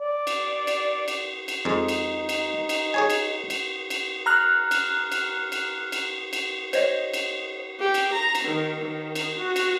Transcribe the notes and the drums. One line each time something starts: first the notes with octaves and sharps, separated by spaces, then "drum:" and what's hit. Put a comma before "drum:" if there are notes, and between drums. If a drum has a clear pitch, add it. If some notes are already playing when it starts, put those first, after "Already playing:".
D5
drum: cymbal
drum: cymbal
drum: cymbal
drum: cymbal
F2 G#3 D#4
drum: cymbal
drum: cymbal
drum: cymbal
G#4 C#5 G#5
drum: cymbal
drum: cymbal
drum: cymbal
A#5 F6 F#6
drum: cymbal
drum: cymbal
drum: cymbal
drum: cymbal
drum: cymbal
C5 C#5 D#5, drum: cymbal
drum: cymbal
G4
drum: cymbal
A#5
drum: cymbal
D#3
D#3
drum: cymbal
F#4
drum: cymbal